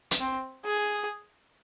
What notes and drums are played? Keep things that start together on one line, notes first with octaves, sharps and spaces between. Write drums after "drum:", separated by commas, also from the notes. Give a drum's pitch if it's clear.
drum: hi-hat
C4
G#4